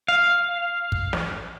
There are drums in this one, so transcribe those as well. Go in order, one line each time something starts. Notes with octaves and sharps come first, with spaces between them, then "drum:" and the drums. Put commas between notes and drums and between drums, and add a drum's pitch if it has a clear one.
F5
drum: kick
drum: snare